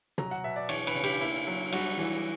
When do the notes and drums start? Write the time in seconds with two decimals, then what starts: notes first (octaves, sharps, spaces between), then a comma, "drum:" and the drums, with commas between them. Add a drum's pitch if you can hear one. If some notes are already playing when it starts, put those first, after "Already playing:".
0.18 F#3 A#5, drum: tom
0.31 F#5
0.44 B2 E5
0.56 D5
0.69 E3 C#5, drum: cymbal
0.87 B4, drum: cymbal
0.95 C#3
1.04 G4, drum: cymbal
1.21 A#3 E4
1.47 F#3
1.73 G3 F#4, drum: cymbal
1.98 E3